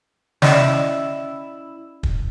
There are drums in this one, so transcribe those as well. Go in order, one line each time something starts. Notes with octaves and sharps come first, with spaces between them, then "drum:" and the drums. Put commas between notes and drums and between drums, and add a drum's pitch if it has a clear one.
C#4 E4 D5 D#5, drum: snare
drum: kick